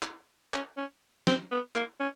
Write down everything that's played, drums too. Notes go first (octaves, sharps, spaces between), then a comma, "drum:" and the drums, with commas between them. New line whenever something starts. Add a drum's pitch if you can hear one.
drum: clap
C#4, drum: clap
C#4
C4, drum: snare
B3
A#3, drum: clap
C#4